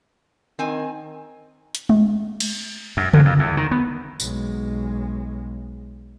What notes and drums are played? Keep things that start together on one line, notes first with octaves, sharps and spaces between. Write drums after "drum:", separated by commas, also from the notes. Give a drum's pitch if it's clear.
D#3 C4 G#5
drum: hi-hat
drum: tom G#3
drum: cymbal
F#2
F2, drum: tom C#3
F2
E2
D#3
B3
B1 G#3, drum: tambourine